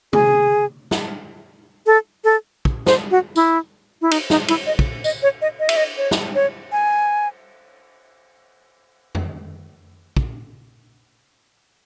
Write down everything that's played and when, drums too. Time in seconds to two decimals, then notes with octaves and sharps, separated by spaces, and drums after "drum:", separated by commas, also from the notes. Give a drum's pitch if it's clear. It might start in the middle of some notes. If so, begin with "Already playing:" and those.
0.13 G#4, drum: tom C3
0.91 drum: snare
1.86 A4
2.24 A4
2.65 drum: kick
2.87 C5, drum: snare
3.11 F#4
3.36 E4, drum: tambourine
4.02 E4
4.11 D#4, drum: cymbal
4.30 D#4, drum: snare
4.48 E4, drum: cymbal
4.67 D#5
4.79 drum: kick
5.04 D#5, drum: tambourine
5.23 C#5
5.42 D#5
5.60 D#5
5.69 E5, drum: cymbal
5.77 D#5
5.98 C#5
6.11 drum: snare
6.35 C#5
6.72 G#5
9.15 drum: tom F2
10.17 drum: kick